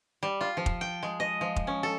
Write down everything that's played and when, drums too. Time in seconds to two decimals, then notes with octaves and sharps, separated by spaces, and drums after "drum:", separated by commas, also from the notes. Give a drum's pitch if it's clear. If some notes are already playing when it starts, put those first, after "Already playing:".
0.23 G3
0.41 F4
0.57 F3
0.66 drum: kick F1
0.81 G5
1.03 G#3
1.20 D#5
1.41 F3
1.56 drum: kick F1
1.67 C#4
1.83 A4